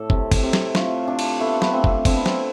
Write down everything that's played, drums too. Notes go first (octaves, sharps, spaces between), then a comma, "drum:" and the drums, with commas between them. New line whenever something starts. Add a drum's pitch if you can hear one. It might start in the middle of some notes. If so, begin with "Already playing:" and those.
Already playing: A2 A3 A4 D5
C3, drum: kick
drum: kick, cymbal
C3
drum: snare
A3 F4, drum: snare
C3 D4
drum: cymbal
A3 B3
B3, drum: snare
A3 C4
drum: kick
D3 C4, drum: kick, cymbal
B3
C4, drum: snare